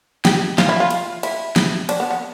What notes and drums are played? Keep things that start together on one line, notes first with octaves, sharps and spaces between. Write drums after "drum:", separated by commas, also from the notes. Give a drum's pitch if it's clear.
G4, drum: snare
F4, drum: snare
E4
F4
drum: cymbal
E4, drum: cymbal
drum: snare
D4, drum: cymbal
B3
B3